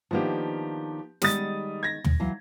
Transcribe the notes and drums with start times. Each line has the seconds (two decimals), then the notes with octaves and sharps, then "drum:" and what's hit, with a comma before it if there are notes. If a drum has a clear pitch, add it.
0.11 D#3 F3 A#3 B3 D4 G4
1.22 D#3 G3 G#3 B3 D#6 A6, drum: snare
1.83 G#6 A#6
2.04 drum: tom
2.20 E3 F#3 F5